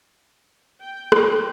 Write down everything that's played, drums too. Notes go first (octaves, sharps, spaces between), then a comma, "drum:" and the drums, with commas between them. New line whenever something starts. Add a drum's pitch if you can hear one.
G5
drum: rim click